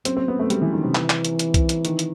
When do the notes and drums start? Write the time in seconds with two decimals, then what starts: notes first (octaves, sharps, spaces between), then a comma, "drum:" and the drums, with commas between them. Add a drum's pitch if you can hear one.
0.05 F#2 C4, drum: hi-hat
0.17 C4
0.28 B3
0.39 A3
0.50 G3, drum: hi-hat
0.62 E3
0.73 D#3
0.83 C3
0.95 E3, drum: clap
1.10 drum: clap
1.25 drum: hi-hat
1.39 drum: hi-hat
1.54 drum: kick B1, hi-hat
1.69 drum: hi-hat
1.85 D#3, drum: hi-hat
1.99 drum: hi-hat